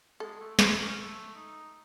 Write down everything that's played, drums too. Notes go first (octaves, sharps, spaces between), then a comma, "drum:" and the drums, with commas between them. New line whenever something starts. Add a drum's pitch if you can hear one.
G#3 A4
A3
C4, drum: snare
C#4
A3
D#4